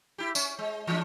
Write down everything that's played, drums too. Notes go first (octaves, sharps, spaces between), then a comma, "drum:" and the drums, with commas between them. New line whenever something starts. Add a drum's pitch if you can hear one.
E4 G4
C#4, drum: tambourine
G#3
E3 G#3 D4